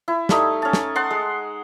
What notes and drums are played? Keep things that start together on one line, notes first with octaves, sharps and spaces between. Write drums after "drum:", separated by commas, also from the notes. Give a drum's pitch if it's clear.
E4
G3 A3 D#4, drum: snare
C#4 A5
drum: snare
F#5 A5 C6
G#3